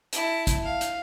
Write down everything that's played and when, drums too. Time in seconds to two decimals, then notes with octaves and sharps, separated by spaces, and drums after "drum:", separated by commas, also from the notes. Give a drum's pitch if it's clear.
0.13 E4 A5, drum: hi-hat
0.47 drum: kick, hi-hat
0.64 F5
0.81 drum: hi-hat